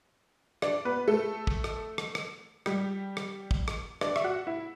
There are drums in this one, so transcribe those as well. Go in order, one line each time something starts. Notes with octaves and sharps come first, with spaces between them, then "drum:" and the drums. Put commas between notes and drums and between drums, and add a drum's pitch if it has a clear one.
D4 D5, drum: rim click
B3 B4
A3 A4
drum: kick
drum: rim click
drum: rim click
drum: rim click
G3 G4, drum: rim click
drum: rim click
drum: kick
drum: rim click
D4 D5, drum: rim click
E5, drum: rim click
F#4 F#5
E4 E5